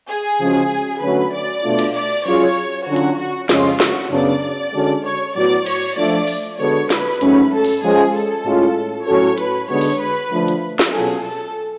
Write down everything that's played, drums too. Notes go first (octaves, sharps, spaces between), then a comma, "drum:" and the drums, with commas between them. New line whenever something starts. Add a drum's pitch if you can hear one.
G#4
C#3 F3 G#3 C#4 F#4
D3 F#3 A3 C#4 F#4 B4
D5
B2 A3 D4 F4
drum: cymbal
D5
F#3 C#4 F4 G#4 C#5
D3 F#3 C#4 F4 F#4
drum: hi-hat
F#4
F2 C#3 G#3 C#4 F4, drum: snare
F#4, drum: snare
F#2 C#3 F#3 B3 D4 D5
D3 G#3 C#4 F#4 A4
C#5
A2 F#3 B3 F#4 D5
C#5, drum: cymbal
F3 A3 D4 D5
drum: open hi-hat
D3 G#3 B3 F#4 A4 C#5
B4, drum: snare
G#2 F#3 A3 C#4, drum: hi-hat
A4
drum: open hi-hat
F3 G#3 C#4 G#4
A4
A2 G#3 C#4 F4
A2 F#3 C#4 F#4 A4 C#5
B4, drum: hi-hat
D3 G#3 B3 F#4 C#5
drum: open hi-hat
B4
D3 F3 A3
drum: hi-hat
drum: snare
B2 F#3 C#4 F4 G#4 A4
A4